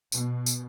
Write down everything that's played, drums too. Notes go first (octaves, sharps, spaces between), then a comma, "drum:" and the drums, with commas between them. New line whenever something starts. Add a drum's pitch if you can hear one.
B2, drum: tambourine
drum: tambourine